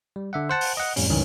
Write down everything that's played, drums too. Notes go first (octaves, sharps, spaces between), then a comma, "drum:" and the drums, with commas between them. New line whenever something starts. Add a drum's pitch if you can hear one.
G3
D3 E5 F#5
C5 F#5 A5
drum: open hi-hat
D#5 F#5
F2 A2 G3 C#4, drum: open hi-hat
C#2 G2 D#3 E3 C#4